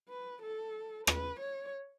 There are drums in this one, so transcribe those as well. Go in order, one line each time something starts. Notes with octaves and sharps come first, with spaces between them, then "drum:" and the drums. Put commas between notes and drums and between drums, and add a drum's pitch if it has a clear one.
B4
A4
B4, drum: rim click
C#5